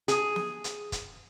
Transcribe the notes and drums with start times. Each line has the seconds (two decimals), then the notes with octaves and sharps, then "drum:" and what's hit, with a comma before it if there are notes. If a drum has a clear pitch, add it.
0.08 G#4, drum: hi-hat
0.36 drum: snare
0.64 drum: hi-hat
0.92 drum: kick, hi-hat